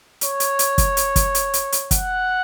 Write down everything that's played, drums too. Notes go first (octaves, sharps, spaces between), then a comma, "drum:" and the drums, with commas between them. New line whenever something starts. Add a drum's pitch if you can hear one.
C#5, drum: hi-hat
drum: hi-hat
drum: hi-hat
drum: kick, hi-hat
drum: hi-hat
drum: kick, hi-hat
drum: hi-hat
drum: hi-hat
drum: hi-hat
F#5, drum: kick, hi-hat